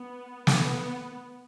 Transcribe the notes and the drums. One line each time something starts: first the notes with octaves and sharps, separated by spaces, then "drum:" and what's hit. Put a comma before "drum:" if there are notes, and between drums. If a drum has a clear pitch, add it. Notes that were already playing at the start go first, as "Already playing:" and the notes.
Already playing: B3
B3, drum: snare